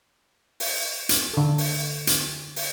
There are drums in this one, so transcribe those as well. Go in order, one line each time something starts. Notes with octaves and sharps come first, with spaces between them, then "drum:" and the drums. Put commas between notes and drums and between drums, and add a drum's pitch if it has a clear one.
drum: open hi-hat
drum: hi-hat
D3 A4
drum: open hi-hat
drum: hi-hat
drum: open hi-hat